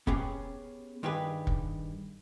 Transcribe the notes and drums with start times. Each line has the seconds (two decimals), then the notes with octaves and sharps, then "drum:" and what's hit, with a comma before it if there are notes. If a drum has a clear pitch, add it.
0.07 B3 C#4 G4 G#4, drum: kick
1.03 G2 D#3 G4 G#4 B4
1.47 drum: kick